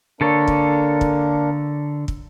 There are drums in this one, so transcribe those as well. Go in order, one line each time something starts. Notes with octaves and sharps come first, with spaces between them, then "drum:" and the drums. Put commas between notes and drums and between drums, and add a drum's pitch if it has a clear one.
D3 A#3 D4 A4 A#4 C#5
drum: kick
drum: kick
drum: kick